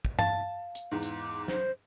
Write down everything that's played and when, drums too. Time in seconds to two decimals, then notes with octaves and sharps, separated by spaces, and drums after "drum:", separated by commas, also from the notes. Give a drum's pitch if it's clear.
0.05 drum: kick
0.19 F5 A5, drum: tom G2
0.75 drum: hi-hat
0.91 E2 G#2
1.03 drum: hi-hat
1.19 D6
1.48 C5, drum: snare